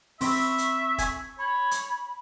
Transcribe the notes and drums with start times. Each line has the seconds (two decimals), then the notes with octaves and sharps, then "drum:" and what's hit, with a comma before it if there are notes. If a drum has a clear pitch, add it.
0.21 C4 E5 B5 C#6, drum: open hi-hat
0.58 drum: hi-hat
0.98 G#5 C#6, drum: kick F1, hi-hat
1.39 C#5 B5
1.71 drum: hi-hat